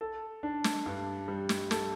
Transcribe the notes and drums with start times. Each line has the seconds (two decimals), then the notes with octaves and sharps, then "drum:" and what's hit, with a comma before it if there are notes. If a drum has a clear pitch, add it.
0.01 A4
0.43 D4
0.64 drum: snare
0.86 G2
1.28 G3
1.49 drum: snare
1.71 A4, drum: snare